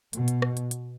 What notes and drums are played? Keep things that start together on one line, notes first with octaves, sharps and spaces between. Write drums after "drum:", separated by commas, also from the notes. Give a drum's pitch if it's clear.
B2, drum: hi-hat
drum: hi-hat
drum: rim click
drum: hi-hat
drum: hi-hat